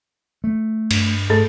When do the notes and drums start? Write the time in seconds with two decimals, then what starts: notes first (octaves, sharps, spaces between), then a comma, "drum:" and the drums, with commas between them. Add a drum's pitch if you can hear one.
0.44 A3
0.91 G2, drum: cymbal
1.30 G#2 G#3 A3 A6